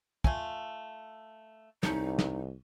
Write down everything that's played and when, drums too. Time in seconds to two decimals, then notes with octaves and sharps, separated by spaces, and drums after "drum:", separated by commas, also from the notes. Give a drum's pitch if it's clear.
0.24 A3 F4 G#5, drum: kick
1.83 C2 D#3 A3 C#4 D#4, drum: snare
2.18 drum: snare